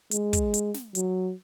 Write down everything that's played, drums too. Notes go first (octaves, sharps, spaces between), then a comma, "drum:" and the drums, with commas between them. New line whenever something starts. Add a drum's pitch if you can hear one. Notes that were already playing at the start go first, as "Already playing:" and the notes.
G#3, drum: hi-hat
drum: kick, hi-hat
drum: hi-hat
drum: snare
F#3, drum: hi-hat